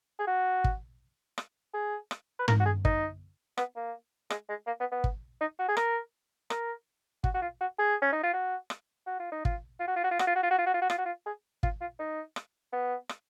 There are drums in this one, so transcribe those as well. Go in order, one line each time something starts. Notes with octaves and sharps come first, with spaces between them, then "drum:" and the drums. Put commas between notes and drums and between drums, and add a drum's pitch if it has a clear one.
G#4
F#4
drum: kick
drum: rim click
G#4
drum: rim click
B4
A#4, drum: tom
F#4
G#4
D#4, drum: kick
B3, drum: rim click
A#3
G#3, drum: rim click
G#3
A#3
B3
B3
drum: kick
D#4
F#4
G#4
A#4, drum: rim click
A#4, drum: rim click
F#4, drum: kick
F#4
F4
F#4
G#4
C#4
D#4
F4
F#4
drum: rim click
F#4
F4
D#4
F4, drum: kick
F4
F#4
F4
F#4
F4
F#4, drum: rim click
F4
F#4
F4
F#4
F4
F#4
F4
F#4
F4, drum: rim click
F#4
F4
G#4
F4, drum: kick
F4
D#4
drum: rim click
B3
drum: rim click